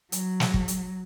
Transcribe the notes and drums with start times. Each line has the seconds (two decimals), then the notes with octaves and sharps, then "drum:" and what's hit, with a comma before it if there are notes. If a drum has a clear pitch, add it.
0.12 F#3, drum: hi-hat
0.40 drum: snare
0.54 drum: kick
0.68 drum: hi-hat